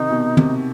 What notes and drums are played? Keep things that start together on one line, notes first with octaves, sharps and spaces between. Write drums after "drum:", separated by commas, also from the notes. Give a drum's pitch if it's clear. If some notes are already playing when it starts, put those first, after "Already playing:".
Already playing: C3 D#3 D#4
B2
C3, drum: tom